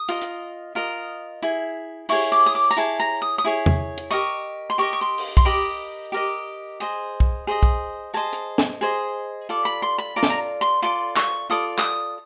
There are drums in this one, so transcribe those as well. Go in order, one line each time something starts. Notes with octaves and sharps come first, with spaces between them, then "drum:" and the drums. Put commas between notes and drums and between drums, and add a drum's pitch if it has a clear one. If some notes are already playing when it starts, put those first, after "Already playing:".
Already playing: D#6
F4 A#4 D#5, drum: hi-hat
drum: hi-hat
F4 A#4 D#5
E4 G#4
E4 G#4 C#5 C#6, drum: open hi-hat
D6
D#6
D6
A#5, drum: tambourine
E4 G#4 C#5 A5
A#5
D#6
D#6
E4 G#4 C#5
drum: tom E2
drum: hi-hat
G4 A#4 D#5 C#6
C6
G4 A#4 D#5 C#6
C#6
C6
drum: open hi-hat
C6, drum: kick
G4 A#4 D#5 B5
G4 A#4 D#5
G#4 C5 D#5
drum: kick
G#4 C5 D#5
drum: kick
G#4 C5 D#5 A5
drum: hi-hat
drum: snare
G#4 C5 D#5
F4 A4 D5
B5
C6
B5
F4 A4 D5 A#5
A5, drum: snare
A#5
C6
F4 A4 D5 C6
C#6, drum: clap
F4 A4 D5 D#6
D#6, drum: clap